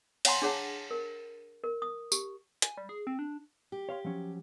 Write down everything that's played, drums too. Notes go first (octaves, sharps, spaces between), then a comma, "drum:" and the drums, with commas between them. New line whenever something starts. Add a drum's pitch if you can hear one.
C#5 F5 F#5 G#5 A#5 C6, drum: cymbal
D4 G#4 C#5 F#5 A5
A#4
A#4
D#6
G4, drum: tambourine
G#5, drum: hi-hat
G3
G#4
C4
D4
G4
C#5 F5 C6
F3 F#3 C#4